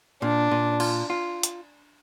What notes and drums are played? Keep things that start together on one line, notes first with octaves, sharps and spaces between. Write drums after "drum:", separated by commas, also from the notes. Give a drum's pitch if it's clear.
A#2 D4
A#2
F4, drum: cymbal
F4
drum: hi-hat